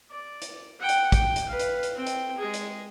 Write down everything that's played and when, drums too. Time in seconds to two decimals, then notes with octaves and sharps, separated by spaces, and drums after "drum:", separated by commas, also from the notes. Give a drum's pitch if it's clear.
0.10 D5
0.42 drum: hi-hat
0.80 F#5 G5
0.89 drum: hi-hat
1.12 G5, drum: kick, hi-hat
1.36 drum: hi-hat
1.49 B4 F5
1.59 drum: hi-hat
1.83 drum: hi-hat
1.95 C4 G5
2.07 drum: hi-hat
2.38 G#3 G#4
2.54 drum: hi-hat